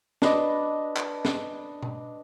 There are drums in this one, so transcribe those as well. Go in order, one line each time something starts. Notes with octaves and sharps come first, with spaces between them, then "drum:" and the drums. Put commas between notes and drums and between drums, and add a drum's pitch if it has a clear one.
D4 B4 D#5, drum: snare
drum: clap
drum: snare
drum: tom B2